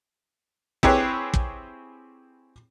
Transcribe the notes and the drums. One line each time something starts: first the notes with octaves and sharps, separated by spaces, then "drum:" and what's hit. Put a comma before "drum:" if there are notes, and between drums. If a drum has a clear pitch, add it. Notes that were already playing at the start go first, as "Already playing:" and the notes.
C4 E4 G4 G#4 B4 C#5, drum: kick
drum: kick